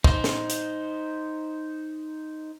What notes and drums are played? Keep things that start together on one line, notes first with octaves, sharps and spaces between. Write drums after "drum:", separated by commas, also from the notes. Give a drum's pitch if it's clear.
D#4 C5, drum: kick
drum: snare
drum: hi-hat